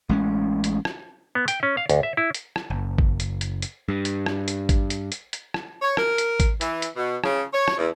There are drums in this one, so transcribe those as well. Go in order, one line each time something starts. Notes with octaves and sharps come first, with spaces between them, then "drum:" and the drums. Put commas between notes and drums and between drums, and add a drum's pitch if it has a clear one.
A1 G#3 C#4
drum: hi-hat
drum: rim click
B3
G5, drum: hi-hat
C#4
F5
D2, drum: hi-hat
E5
E4
drum: hi-hat
drum: rim click
F#1
drum: kick G#1
drum: hi-hat
drum: hi-hat
drum: hi-hat
G2
drum: hi-hat
drum: rim click
drum: hi-hat
drum: kick G#1, hi-hat
drum: hi-hat
drum: hi-hat
drum: hi-hat
drum: rim click
C#5
A#4, drum: rim click
drum: hi-hat
drum: kick G#1, hi-hat
E3, drum: hi-hat
drum: hi-hat
B2
C#3, drum: rim click
C#5
drum: rim click
E2